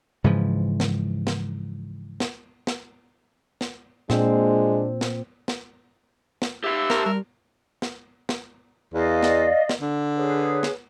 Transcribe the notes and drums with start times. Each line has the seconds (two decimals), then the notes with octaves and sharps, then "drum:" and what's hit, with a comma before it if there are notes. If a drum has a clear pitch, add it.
0.24 G#2 C#3 E3 F3
0.80 drum: snare
1.27 drum: snare
2.20 drum: snare
2.67 drum: snare
3.61 drum: snare
4.10 A#2 G#3 C4 D4, drum: snare
5.01 drum: snare
5.48 drum: snare
6.42 drum: snare
6.64 G4 E5 F5
6.90 A#4 A5 C6 C#6, drum: snare
7.06 G3 A#4
7.82 drum: snare
8.29 drum: snare
8.94 E2 D5 D#5 F5
9.23 drum: snare
9.69 drum: snare
9.81 D3
10.16 G#4 B4 C#5
10.63 drum: snare